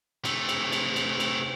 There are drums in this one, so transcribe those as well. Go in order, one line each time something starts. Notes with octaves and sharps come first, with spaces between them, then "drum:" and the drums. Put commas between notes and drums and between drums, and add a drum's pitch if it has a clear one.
C3 A3, drum: cymbal
drum: cymbal
drum: cymbal
drum: cymbal
drum: cymbal